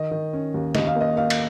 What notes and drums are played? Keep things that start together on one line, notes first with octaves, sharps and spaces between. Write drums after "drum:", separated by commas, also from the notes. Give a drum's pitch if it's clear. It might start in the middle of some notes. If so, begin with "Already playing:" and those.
Already playing: D#3 D#5
D#3
C#4
D#2
D#2 D#5, drum: snare
F5
A#3 D#5
A#3 F5
drum: cymbal